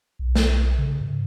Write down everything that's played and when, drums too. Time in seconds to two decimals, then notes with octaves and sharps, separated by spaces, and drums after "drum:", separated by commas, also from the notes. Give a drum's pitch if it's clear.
0.19 B1
0.35 B1, drum: snare
0.78 C#3
1.01 G#2